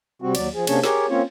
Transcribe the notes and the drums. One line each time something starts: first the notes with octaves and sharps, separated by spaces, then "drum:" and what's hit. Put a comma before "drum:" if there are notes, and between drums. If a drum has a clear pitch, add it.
C3 G3 C4 F#4
D#2 F#3 D5, drum: cymbal
F3 G#4
C3 A#3 C#4 D4 G#4 C#5, drum: cymbal
G4 G#4 A#4 C#5, drum: snare
A#3 C4 C#4 F4 C#5